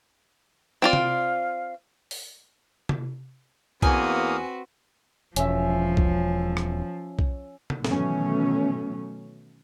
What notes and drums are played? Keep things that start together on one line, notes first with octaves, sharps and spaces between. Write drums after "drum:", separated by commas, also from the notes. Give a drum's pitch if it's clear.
C4 F4 D5 F5
drum: tom C3
drum: open hi-hat
drum: tom C3
E2 A#3 C4 F#4 B4 F5 G#5 D#6, drum: kick B1
E1 F3 C#4 E5, drum: hi-hat
drum: kick B1
drum: rim click
drum: kick B1
drum: tom C3
B2 D#3 E3 F#3 A3 C#4, drum: snare